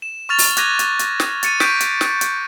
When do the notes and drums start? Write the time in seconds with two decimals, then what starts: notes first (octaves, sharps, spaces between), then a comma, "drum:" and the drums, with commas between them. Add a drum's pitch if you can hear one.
0.02 E7
0.29 C#6 F6 A6 F7
0.38 drum: open hi-hat
0.57 D6 F#6 G#6 A#6 D#7 F7, drum: hi-hat
0.79 drum: hi-hat
0.99 drum: hi-hat
1.20 drum: snare
1.43 A6 C#7 D#7, drum: hi-hat
1.60 C#6 G6 B6 D7, drum: snare
1.80 drum: hi-hat
2.01 drum: snare
2.21 drum: hi-hat